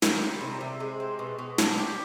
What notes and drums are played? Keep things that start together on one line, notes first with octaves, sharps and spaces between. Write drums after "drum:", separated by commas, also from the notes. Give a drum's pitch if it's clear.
D#3, drum: snare
G3
C3
C3
G#3
C4
B2
B2
D4, drum: snare
G4